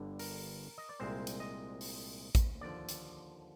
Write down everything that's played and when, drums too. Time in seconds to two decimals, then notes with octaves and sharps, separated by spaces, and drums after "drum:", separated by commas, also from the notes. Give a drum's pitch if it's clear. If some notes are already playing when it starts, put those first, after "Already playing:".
Already playing: G1 G2 D3
0.19 A#4, drum: open hi-hat
0.78 D#5
0.89 D5
1.00 C2 A#2 G#3 C4 C5
1.27 drum: hi-hat
1.40 D#5
1.81 drum: open hi-hat
2.35 drum: kick A1, hi-hat
2.61 D#2 D3 F3 D5
2.89 drum: hi-hat